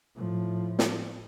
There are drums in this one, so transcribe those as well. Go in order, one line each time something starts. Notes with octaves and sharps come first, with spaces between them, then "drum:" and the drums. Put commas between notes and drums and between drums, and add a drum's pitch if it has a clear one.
A2 F3
drum: snare